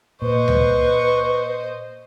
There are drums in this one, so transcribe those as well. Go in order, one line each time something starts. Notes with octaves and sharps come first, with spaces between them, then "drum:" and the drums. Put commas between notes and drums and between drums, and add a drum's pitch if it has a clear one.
A#2 B4 C5 D#5 C#6
drum: tom C#2